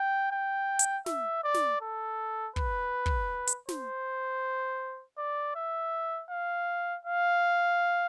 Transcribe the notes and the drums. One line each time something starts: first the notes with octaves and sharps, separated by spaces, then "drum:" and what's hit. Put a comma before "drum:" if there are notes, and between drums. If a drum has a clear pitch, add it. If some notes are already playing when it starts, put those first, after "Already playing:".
Already playing: G5
G5
drum: hi-hat
E5, drum: snare
D5
drum: snare
A4
B4, drum: kick
drum: kick
drum: hi-hat
C5, drum: snare
D5
E5
F5
F5